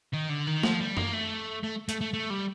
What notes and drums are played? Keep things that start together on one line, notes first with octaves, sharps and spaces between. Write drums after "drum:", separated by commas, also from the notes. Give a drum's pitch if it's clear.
D#3
D3
D#3
F3, drum: snare
G3
A#3, drum: tom F#2
A3
A3
A3, drum: hi-hat
A3
A3
G3